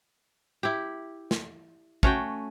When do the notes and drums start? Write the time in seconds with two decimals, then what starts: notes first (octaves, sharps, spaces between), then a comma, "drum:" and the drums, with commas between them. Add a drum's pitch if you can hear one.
0.63 E4 G4
1.31 drum: snare
2.03 A3 C#4 F#4 G5, drum: kick